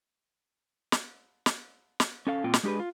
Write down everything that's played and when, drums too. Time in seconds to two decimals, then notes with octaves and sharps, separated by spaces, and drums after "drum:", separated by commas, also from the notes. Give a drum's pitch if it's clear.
0.92 drum: snare
1.46 drum: snare
2.00 drum: snare
2.27 C#4 A4 F5
2.44 A#2 C4 F4 G5
2.54 drum: snare
2.63 G#3 D4 G4 G#4 B4
2.80 F4